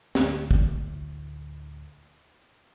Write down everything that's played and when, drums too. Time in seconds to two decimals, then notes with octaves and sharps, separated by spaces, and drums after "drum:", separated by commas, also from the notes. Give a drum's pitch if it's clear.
0.15 D2 A2, drum: snare
0.51 drum: kick